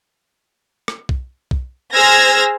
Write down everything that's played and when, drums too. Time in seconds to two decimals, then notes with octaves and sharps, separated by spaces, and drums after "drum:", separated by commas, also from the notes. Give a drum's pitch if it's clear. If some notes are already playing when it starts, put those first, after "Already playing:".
0.88 drum: rim click
1.09 drum: kick B1
1.51 drum: kick B1
1.93 G#4 C5 E6 F6 G#6 A#6